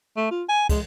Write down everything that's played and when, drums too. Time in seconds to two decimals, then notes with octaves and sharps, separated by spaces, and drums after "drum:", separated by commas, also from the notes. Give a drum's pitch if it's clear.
0.17 A3
0.31 F4
0.49 G#5
0.69 G#3, drum: kick, cymbal